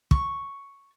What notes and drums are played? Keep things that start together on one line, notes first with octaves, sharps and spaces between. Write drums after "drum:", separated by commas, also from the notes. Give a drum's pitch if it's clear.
C#6, drum: kick